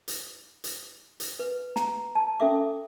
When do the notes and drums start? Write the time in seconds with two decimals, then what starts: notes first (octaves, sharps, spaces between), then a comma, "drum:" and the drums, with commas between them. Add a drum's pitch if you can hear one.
0.08 drum: hi-hat
0.64 drum: hi-hat
1.20 drum: hi-hat
1.39 B4
1.76 A#5, drum: snare
2.15 A5
2.40 C#4 A4 E5 D6